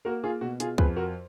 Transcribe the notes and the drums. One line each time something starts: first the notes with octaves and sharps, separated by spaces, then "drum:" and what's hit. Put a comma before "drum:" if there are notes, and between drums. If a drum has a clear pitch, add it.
A#3 F#4 A#4
F4 G#4
B2 F#4
F4 G#4, drum: hi-hat
F2 G#4 B4, drum: kick C#2
F#4 A#4